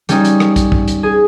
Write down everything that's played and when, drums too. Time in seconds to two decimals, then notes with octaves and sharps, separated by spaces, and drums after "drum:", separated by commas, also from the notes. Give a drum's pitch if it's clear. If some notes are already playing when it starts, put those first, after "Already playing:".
0.09 G3 C#4 D#4, drum: hi-hat
0.25 drum: hi-hat
0.40 drum: rim click
0.56 drum: kick, hi-hat
0.72 drum: kick
0.88 drum: hi-hat
1.03 G#4